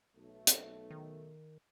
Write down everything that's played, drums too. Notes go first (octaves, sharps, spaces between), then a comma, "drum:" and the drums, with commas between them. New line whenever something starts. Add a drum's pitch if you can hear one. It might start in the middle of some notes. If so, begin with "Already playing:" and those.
B1 A3 A4
drum: hi-hat
D#3